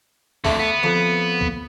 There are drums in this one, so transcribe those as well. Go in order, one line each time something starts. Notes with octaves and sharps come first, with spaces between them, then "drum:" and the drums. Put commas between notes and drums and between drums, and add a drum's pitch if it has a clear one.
F2 D3 A3, drum: kick
B3
F2
drum: kick